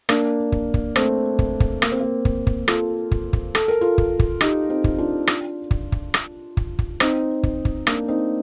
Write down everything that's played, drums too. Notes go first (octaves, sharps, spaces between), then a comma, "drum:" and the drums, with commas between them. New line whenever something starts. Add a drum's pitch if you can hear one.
A#3 D4, drum: rim click
drum: kick
drum: kick
A3 C4, drum: rim click
drum: kick
drum: kick
A#3, drum: rim click
C4
A#3
drum: kick
drum: kick
F4 A4, drum: rim click
drum: kick
drum: kick
A4, drum: rim click
A#4
F4 A4
drum: kick
drum: kick
D#4 G4, drum: rim click
C4 D#4
drum: kick
D4 F4
drum: rim click
drum: kick
drum: kick
drum: rim click
drum: kick
drum: kick
C4 D#4, drum: rim click
drum: kick
drum: kick
A#3 D4, drum: rim click
C4 D#4